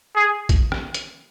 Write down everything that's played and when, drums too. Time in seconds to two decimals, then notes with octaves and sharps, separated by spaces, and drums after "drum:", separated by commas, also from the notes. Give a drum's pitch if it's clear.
0.16 G#4
0.49 drum: kick, hi-hat
0.72 drum: rim click
0.94 drum: hi-hat